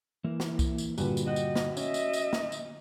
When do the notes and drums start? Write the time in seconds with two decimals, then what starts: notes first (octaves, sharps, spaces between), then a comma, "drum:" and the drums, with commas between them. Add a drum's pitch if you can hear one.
0.24 E3 A#3 E4
0.40 drum: snare
0.59 drum: kick C2, tambourine
0.78 drum: tambourine
0.98 G2 A#2 D3 F#4 B4, drum: tambourine
1.17 drum: tambourine
1.27 F#4 D#5 F#5 G5
1.36 drum: tambourine
1.56 drum: snare
1.77 C#4 D#5 E5, drum: tambourine
1.94 drum: tambourine
2.13 drum: tambourine
2.33 drum: snare
2.52 drum: tambourine